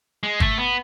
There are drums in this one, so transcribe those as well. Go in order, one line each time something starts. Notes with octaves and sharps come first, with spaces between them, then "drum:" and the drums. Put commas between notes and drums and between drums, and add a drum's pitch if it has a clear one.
G#3
A3, drum: kick
B3